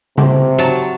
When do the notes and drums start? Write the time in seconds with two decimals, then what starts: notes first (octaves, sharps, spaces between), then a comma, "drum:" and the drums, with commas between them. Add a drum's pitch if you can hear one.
0.18 C3, drum: tom C#3
0.58 F#3 A5